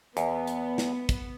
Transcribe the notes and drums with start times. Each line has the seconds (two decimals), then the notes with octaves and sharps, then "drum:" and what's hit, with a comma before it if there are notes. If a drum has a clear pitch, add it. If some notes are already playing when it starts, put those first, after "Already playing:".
0.17 E2 B3, drum: hi-hat
0.47 drum: hi-hat
0.78 drum: snare
1.09 drum: kick, hi-hat